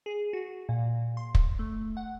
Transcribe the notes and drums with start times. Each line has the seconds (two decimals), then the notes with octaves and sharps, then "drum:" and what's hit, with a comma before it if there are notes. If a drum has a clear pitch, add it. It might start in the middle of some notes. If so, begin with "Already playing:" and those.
0.06 G#4
0.33 F#4
0.69 A#2
1.17 C6
1.35 drum: kick
1.59 A3
1.97 F#5